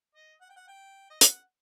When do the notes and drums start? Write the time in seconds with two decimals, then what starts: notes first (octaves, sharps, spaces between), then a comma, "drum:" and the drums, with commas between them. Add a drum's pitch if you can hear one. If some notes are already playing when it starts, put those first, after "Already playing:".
0.15 D#5
0.41 F#5
0.49 G5
0.56 F#5
0.68 G5
1.10 D#5
1.21 F#5, drum: hi-hat